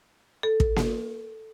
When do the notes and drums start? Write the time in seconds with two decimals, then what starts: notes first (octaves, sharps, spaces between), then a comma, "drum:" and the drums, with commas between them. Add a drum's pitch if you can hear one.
0.43 A4
0.60 drum: kick
0.76 drum: snare A#3